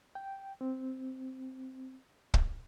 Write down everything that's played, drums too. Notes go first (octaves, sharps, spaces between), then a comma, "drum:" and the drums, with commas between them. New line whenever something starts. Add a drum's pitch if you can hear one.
G5
C4
drum: kick